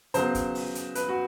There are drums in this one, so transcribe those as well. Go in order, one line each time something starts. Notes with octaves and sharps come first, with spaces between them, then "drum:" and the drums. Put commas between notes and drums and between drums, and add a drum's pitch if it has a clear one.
C#3 F#3 B3 C5, drum: hi-hat
drum: kick, hi-hat
drum: open hi-hat
drum: hi-hat
B4, drum: hi-hat
F#4